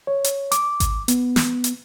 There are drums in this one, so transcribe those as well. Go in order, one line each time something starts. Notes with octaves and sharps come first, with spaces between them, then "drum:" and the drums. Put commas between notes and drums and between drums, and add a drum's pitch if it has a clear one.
C#5
drum: hi-hat
D6, drum: hi-hat
drum: kick G#1, hi-hat
B3, drum: hi-hat
drum: snare
drum: hi-hat